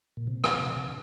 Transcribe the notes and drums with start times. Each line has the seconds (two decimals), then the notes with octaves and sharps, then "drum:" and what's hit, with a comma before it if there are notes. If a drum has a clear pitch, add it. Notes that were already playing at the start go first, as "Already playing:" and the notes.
0.17 A#2
0.27 C3
0.44 drum: rim click
0.59 C3
0.76 C3
0.87 D3